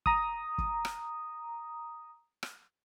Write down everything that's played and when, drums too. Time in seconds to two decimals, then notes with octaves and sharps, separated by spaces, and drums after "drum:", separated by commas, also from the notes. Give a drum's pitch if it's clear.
0.06 A#5 D#6, drum: kick
0.58 drum: kick
0.85 drum: rim click
2.43 drum: rim click